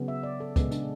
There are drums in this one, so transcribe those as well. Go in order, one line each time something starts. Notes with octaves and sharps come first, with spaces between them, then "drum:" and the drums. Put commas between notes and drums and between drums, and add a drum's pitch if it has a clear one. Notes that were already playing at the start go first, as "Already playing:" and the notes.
Already playing: C#3 F#3 B3
E5
D5
A4
C#3 G#3 B3, drum: kick, hi-hat
D4, drum: hi-hat